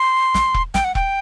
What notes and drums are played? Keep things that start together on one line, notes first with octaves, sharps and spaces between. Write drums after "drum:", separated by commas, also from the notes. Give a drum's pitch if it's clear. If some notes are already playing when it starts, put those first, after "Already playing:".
Already playing: C6
drum: snare
drum: kick E1
G5, drum: snare
F#5
G5, drum: kick E1